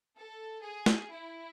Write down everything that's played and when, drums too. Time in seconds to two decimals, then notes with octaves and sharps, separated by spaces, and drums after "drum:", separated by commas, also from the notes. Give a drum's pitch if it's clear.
0.17 A4
0.63 G#4
0.86 drum: snare
1.09 E4